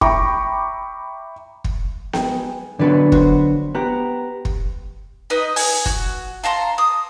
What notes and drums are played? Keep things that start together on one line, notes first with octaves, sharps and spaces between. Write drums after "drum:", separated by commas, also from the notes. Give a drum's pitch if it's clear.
E5 G5 A#5 B5 C#6 D6, drum: kick
drum: kick
G#3 B3 G5, drum: snare B3
D3 F#3 B3 C#4 B4 D5
F#4 B4 C5, drum: kick
B3 G4 A#5 F#6
drum: kick
D#4 B4 D#5
G#5, drum: open hi-hat
F#4, drum: kick
F5 A5 A#5 C6
D#6